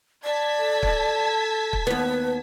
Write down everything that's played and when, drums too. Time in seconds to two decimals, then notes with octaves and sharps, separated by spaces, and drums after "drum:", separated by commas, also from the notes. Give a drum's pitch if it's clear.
0.25 D5 A5 G#6 B6
0.60 A4
0.83 drum: kick
1.73 drum: kick
1.87 D#2 B3 B4